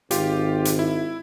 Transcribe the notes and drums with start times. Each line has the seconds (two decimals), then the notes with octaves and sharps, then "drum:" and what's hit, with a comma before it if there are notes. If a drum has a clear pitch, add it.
0.11 G#1 F4 G4, drum: hi-hat
0.65 drum: hi-hat
0.79 E4